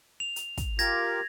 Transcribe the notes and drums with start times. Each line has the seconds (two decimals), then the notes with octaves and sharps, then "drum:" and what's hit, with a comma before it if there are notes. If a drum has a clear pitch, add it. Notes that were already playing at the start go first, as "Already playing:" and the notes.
0.20 F7
0.36 drum: hi-hat
0.57 drum: kick, hi-hat
0.79 F4 G4 A#4 G#6 A#6, drum: hi-hat